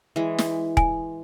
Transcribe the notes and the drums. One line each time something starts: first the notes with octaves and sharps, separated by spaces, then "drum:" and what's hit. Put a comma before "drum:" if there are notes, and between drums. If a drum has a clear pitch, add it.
E3 G#3
drum: snare
G#5, drum: kick